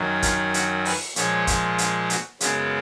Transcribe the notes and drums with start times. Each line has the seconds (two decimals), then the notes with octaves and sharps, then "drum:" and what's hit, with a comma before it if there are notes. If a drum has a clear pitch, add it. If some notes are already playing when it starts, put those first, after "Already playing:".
Already playing: F#2 D#3 F#3
0.22 F4, drum: kick, hi-hat
0.54 F#4, drum: hi-hat
0.85 B4, drum: open hi-hat
1.16 A#2 F3 G#3 C#5, drum: hi-hat
1.47 drum: kick, hi-hat
1.78 drum: hi-hat
2.10 F#4, drum: hi-hat
2.40 F#2 C#3 G#3 B3 C#4, drum: hi-hat